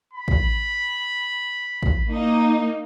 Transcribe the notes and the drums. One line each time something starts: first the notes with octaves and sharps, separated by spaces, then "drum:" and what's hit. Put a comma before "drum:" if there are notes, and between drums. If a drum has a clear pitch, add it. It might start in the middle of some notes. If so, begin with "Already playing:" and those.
B5
drum: kick
drum: kick
A#3 D#4